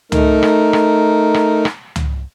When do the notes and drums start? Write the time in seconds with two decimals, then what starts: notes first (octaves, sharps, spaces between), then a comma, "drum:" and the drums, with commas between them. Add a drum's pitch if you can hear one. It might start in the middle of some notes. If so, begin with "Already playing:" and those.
0.12 A3 D#4 A#4, drum: tom
0.43 drum: rim click
0.73 drum: rim click
1.34 drum: rim click
1.65 drum: rim click
1.96 drum: tom